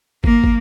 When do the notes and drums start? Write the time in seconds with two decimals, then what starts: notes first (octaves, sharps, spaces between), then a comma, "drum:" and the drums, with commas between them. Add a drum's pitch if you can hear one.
0.24 A#3, drum: kick
0.44 drum: kick